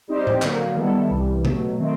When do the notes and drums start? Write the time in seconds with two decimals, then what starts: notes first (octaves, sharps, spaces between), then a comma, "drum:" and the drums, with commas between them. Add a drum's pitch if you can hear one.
0.08 G3 C4 D#4 G4 C5
0.27 drum: tom A2
0.42 D3 F#3 A#3, drum: clap
0.75 D#3 G3 B3 E4 A4
1.10 C2 C3 E3 G3
1.45 B2 F#3 A3, drum: tom C3
1.79 D#3 F#3 A3 C4